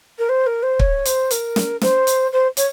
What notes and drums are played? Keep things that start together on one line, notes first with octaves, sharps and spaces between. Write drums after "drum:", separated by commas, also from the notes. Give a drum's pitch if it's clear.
A#4
C5
A#4
C5
C#5, drum: kick
C5, drum: hi-hat
A#4, drum: hi-hat
drum: snare
C5, drum: snare
drum: hi-hat
C5
C#5, drum: hi-hat